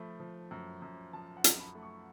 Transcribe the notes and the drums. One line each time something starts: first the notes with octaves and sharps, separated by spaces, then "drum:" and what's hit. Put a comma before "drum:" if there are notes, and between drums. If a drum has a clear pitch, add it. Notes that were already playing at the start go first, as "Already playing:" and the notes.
Already playing: F3 A3 B5
F3
F#2
F#2
F3 A5
F#5
F#2, drum: hi-hat
B5
A3
C#6